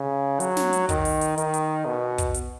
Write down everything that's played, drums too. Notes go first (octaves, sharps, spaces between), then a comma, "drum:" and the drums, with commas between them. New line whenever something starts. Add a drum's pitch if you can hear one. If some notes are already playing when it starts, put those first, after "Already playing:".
Already playing: C#3
F#3, drum: hi-hat
drum: snare
drum: hi-hat
D#3, drum: kick, hi-hat
drum: open hi-hat
drum: hi-hat
D#3, drum: hi-hat
drum: hi-hat
B2
drum: kick, hi-hat
drum: hi-hat